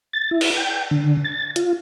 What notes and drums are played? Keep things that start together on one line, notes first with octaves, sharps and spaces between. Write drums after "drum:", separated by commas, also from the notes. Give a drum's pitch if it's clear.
A6
E4
drum: cymbal
G5
D3
A6
F4, drum: hi-hat